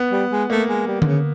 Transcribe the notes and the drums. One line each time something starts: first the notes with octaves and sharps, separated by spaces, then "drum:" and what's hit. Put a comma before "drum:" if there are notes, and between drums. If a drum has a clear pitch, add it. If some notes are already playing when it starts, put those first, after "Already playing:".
Already playing: B3
G3
G#3
A3 A#3
G#3
G3
D3, drum: tom D3
C#3